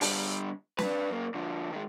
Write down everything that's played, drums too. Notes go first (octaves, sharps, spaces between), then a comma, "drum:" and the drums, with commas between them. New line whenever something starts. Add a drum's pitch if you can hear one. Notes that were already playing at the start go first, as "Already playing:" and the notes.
D3 G3, drum: open hi-hat
D4 B4, drum: snare
F#2 A#3
D3 F3
D#3 G#3